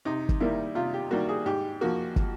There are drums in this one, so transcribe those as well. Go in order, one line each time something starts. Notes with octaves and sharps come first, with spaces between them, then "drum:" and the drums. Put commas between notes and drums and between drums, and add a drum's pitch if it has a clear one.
C3 D#4
drum: kick
D#3 G3 A#3 E4
C3 F4
G4
D#3 G3 A#3 F#4
G#4
G#2 G4
F3 A#3 F#4
drum: kick